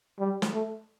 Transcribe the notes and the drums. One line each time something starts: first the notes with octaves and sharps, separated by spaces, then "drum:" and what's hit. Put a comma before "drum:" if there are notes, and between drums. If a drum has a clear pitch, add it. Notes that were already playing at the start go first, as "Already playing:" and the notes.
G3
drum: snare
A3